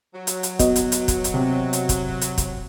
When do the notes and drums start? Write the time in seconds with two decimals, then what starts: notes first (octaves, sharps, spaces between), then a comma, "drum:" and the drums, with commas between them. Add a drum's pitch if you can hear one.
0.15 F#3
0.27 drum: hi-hat
0.43 drum: hi-hat
0.59 B3 F#4 D#5, drum: kick, hi-hat
0.76 drum: hi-hat
0.92 drum: hi-hat
1.08 drum: kick, hi-hat
1.24 drum: hi-hat
1.34 C3
1.73 drum: hi-hat
1.89 drum: kick, hi-hat
2.21 drum: hi-hat
2.38 drum: kick, hi-hat